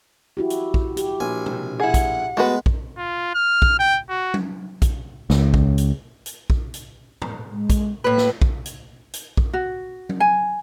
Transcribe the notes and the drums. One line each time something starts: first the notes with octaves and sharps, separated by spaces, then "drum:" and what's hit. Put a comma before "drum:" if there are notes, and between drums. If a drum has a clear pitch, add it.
E4 F#4 G4
drum: hi-hat
drum: kick
G4, drum: hi-hat
A#1 G#5
drum: tom B2
E4 G#4 F#5
drum: kick, hi-hat
G#3 A3 B3 F#4 B4
drum: kick
F4
F6
drum: kick
G5
F#4
drum: tom F#3
drum: kick, hi-hat
C#2, drum: snare
drum: kick
drum: hi-hat
drum: hi-hat
drum: kick
drum: hi-hat
drum: tom G#2
G#3
drum: kick, hi-hat
A2 A#3 B4
drum: snare
drum: kick
drum: hi-hat
drum: hi-hat
drum: kick
F#4
drum: tom F#3
G#5